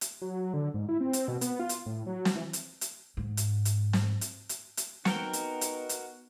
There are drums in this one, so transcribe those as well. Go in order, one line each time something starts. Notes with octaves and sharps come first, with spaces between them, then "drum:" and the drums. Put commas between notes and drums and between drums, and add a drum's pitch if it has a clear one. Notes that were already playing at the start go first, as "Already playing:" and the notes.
drum: hi-hat
F#3
F#3
D3
G#2
E4
C4
drum: hi-hat
B2
B3, drum: hi-hat
F4
drum: hi-hat
A2
F#3
drum: snare
E3
drum: hi-hat
drum: hi-hat
G#2
drum: hi-hat
drum: hi-hat
drum: snare
drum: hi-hat
drum: hi-hat
drum: hi-hat
B3 D#4 F#4 A#4 G5, drum: snare
drum: hi-hat
drum: hi-hat
drum: hi-hat